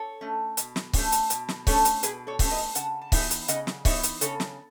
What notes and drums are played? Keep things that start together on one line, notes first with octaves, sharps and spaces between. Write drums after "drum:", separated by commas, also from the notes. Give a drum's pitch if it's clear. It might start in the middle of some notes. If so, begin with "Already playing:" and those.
Already playing: A4 C#5
A3 C#4
B2, drum: hi-hat
drum: snare
A3 C#4, drum: kick C#1, open hi-hat
drum: hi-hat
B2, drum: hi-hat
drum: snare
A3 C#4 A4 C#5, drum: kick C#1, open hi-hat
drum: hi-hat
B2 G#4 B4, drum: hi-hat
A4 C#5
A3 C#4, drum: kick C#1, open hi-hat
B4 D#5
C#3 F#5 A5, drum: hi-hat
A5
E3 B3 D#4 E5 G#5, drum: kick C#1, open hi-hat
drum: hi-hat
C#3 D#5 F#5, drum: hi-hat
drum: snare
E3 B3 D#4 C#5 E5, drum: kick C#1, open hi-hat
drum: hi-hat
C#3 A4 C#5, drum: hi-hat
drum: snare